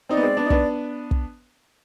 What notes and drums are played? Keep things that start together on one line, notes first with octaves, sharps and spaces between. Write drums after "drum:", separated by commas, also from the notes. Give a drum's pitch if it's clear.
C4 D#4 D5
B3
G#3 C4
B3 D4
D#4
B3 D4, drum: kick
drum: kick